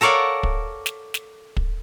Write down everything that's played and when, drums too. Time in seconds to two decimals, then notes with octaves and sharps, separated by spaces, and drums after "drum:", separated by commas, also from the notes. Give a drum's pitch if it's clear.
0.01 A4 A#4 C#5 D5 F5 F#5
0.43 drum: kick
0.86 drum: snare
1.14 drum: snare
1.57 drum: kick